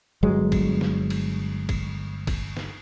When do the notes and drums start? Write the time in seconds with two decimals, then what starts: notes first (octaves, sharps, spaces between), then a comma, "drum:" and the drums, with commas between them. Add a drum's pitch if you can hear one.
0.23 G1 F#3 G#3
0.52 drum: kick, cymbal
0.81 drum: snare
1.10 drum: cymbal
1.69 drum: kick, cymbal
2.27 drum: kick, cymbal
2.57 drum: snare